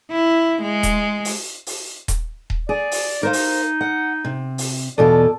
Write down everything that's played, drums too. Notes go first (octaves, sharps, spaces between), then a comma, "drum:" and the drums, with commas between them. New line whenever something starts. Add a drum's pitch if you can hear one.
E4
G#3
drum: kick D#1, hi-hat
drum: open hi-hat
drum: open hi-hat
drum: kick D#1, hi-hat
drum: kick D#1
G#4 D5
drum: open hi-hat
D#4 A#4 C5 F5
drum: open hi-hat
F#5
C3
drum: open hi-hat
E2 B2 F4 A4 D5